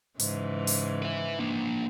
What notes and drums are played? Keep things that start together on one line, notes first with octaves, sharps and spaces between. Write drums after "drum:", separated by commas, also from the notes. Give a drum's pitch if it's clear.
G#2 C#3 E3, drum: open hi-hat
drum: open hi-hat
B4 E5
A#3 D4